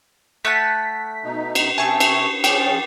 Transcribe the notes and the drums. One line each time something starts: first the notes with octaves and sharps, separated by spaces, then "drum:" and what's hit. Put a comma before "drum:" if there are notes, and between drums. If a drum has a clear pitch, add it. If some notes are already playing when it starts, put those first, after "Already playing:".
A3 F#5 A5 B6
B2 D#4
drum: cymbal
C3 G#4 E5 G5 A5 C#6
drum: cymbal
F3 C#4 G#4 D5 G5, drum: cymbal